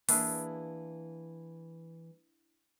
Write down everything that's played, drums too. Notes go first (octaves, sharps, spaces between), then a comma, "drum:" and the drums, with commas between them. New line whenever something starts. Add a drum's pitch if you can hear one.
E3 A#3 D4 E4 G#4, drum: open hi-hat